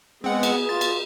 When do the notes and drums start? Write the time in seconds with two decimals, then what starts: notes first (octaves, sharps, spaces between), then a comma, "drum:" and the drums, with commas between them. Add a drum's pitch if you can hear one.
0.24 G#3 B3 C4 G#4 F#5
0.43 drum: cymbal
0.69 F4 A6
0.81 drum: cymbal